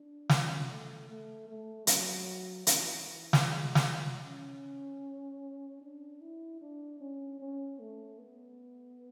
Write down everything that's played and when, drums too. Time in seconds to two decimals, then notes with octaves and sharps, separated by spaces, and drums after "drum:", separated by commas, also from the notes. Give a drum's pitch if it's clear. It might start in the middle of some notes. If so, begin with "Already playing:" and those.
Already playing: D4
0.29 C#4, drum: snare
0.69 A3
1.09 A3
1.48 A3
1.87 F#3, drum: hi-hat
2.67 E3, drum: hi-hat
3.06 E3
3.33 drum: snare
3.46 G#3
3.75 drum: snare
4.24 C#4
5.81 D4
6.21 E4
6.61 D4
7.00 C#4
7.40 C#4
7.79 A3
8.18 B3